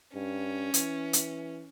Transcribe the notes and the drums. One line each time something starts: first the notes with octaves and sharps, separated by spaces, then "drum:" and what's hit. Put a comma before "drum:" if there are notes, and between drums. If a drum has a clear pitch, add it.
G2 C#4
E3, drum: hi-hat
drum: hi-hat